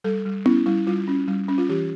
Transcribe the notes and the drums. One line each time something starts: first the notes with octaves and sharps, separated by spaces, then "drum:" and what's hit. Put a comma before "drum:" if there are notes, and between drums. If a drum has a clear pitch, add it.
G3 A4
G3
C#4 E4, drum: tom B3
G3 E4
G3 F4
C#4
G3
C#4
F4
E3 G4